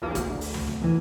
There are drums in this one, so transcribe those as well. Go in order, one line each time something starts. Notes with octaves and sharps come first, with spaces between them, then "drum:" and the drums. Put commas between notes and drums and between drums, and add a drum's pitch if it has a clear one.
B1 E2 A#3
D2, drum: kick, hi-hat
drum: open hi-hat
drum: tom C#2
drum: snare
E2 E3